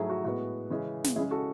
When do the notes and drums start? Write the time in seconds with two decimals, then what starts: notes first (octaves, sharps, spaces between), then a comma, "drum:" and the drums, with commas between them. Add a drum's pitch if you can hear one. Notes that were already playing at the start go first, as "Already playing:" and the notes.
Already playing: G#2 F#3 A3 E4 G#4
0.09 F#4
0.24 A2 G#3 B3 F#4
0.70 C#3 E3 G#3 C#4
1.04 drum: snare
1.16 C#3 G#3 C#4 E4 G#4
1.31 F#4 A4